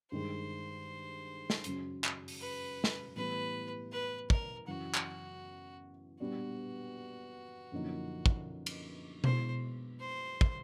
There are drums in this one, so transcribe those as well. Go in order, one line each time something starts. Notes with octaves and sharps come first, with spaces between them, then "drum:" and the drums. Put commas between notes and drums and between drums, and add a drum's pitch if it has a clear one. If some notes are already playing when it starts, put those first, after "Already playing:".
G2 D#3 G#3 C5
drum: snare
F#2 C#3 F#3, drum: hi-hat
drum: clap
drum: open hi-hat
B4
drum: snare
A2 E3 G3 B3 B4
B4
A#4, drum: kick
F#2 C#3 E3 F#4
drum: clap
A#2 G3 B3 D4 F#4
F#2 D3 F3 A#3 D#4
drum: kick
drum: cymbal
B2 G#3 B3 E4 C5, drum: tom B2
C5
drum: kick